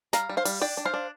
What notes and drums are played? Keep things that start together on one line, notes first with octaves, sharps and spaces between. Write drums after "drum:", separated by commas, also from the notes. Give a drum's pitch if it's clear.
G3 F5 A#5, drum: snare
G3
C5 F5
G3, drum: open hi-hat
D4 D5 G5
D4
C5 F5
D4